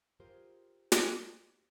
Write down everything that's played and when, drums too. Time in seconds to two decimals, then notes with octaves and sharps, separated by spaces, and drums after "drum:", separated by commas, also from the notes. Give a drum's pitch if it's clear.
0.20 F4 G4 G#4 A#4 C5
0.92 drum: snare